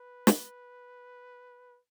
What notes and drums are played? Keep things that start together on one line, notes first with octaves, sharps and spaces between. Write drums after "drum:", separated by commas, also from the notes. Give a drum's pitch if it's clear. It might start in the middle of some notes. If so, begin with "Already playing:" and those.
Already playing: B4
drum: snare